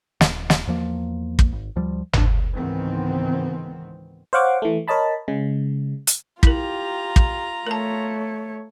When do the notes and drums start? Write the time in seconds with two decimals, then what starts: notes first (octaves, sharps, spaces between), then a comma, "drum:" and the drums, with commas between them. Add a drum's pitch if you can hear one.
0.21 D#1, drum: snare
0.50 drum: snare
0.67 E2 F3 A#3
1.39 drum: kick
1.53 G#1
1.76 D2 F3 G3
2.13 C2 F2 D4, drum: tom
2.55 C#2 G#2 D#3 E3 B3 C4
4.33 C5 C#5 F5 F#5 C#6 D6
4.62 E3 A3
4.88 A#4 C#5 D#5 A5 B5
5.28 C#3 G#3
6.07 drum: hi-hat
6.43 E4 F4 G4 A#4 A#5, drum: kick
7.16 drum: kick
7.67 A3 A#4 C#5 A5